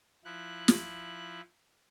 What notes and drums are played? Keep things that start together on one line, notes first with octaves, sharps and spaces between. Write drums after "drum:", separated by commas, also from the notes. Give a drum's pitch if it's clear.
F3 E4 F#6
drum: snare